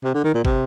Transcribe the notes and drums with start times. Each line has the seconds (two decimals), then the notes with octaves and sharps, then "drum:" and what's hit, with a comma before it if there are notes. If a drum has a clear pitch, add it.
0.04 C3
0.14 D3
0.24 D#3
0.34 A#2
0.45 C3, drum: kick